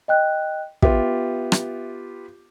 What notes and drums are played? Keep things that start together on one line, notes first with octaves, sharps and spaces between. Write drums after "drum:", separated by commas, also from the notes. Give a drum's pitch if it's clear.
D#5 G5 F#6
B3 F4 G4 E5, drum: kick
drum: rim click